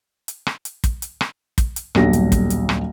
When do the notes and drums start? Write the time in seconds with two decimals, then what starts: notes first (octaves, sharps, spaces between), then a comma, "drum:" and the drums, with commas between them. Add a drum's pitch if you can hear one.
0.28 drum: hi-hat
0.47 drum: rim click
0.65 drum: hi-hat
0.84 drum: kick, hi-hat
1.02 drum: hi-hat
1.21 drum: rim click
1.58 drum: kick, hi-hat
1.76 drum: hi-hat
1.95 D#1 B1 G2 G4 A#6, drum: rim click
2.13 drum: hi-hat
2.32 drum: kick, hi-hat
2.50 drum: hi-hat
2.69 drum: rim click